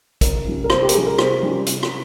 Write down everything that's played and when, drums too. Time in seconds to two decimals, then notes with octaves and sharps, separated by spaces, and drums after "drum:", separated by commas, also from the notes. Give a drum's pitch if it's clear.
0.21 C3 A#4, drum: kick, hi-hat
0.45 G3 C#4 F4
0.64 A#4
0.70 C3 C5, drum: rim click
0.82 G4
0.89 A#4, drum: hi-hat
0.94 G3 C#4 F4 G#4
1.07 A#4
1.18 C3 C5, drum: rim click
1.43 G3 C#4 F4
1.66 C3, drum: hi-hat
1.83 drum: rim click